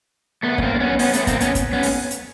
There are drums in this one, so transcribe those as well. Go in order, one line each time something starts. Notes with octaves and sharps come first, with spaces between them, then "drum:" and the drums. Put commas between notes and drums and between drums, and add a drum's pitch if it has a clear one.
A3 B3
C#4, drum: kick
A#3 C4
D4
B3 C#4
B3 C#4, drum: open hi-hat
A3 B3, drum: hi-hat
A#3 C4, drum: kick, hi-hat
B3 C#4, drum: hi-hat
drum: kick, hi-hat
B3 C#4
drum: open hi-hat
drum: hi-hat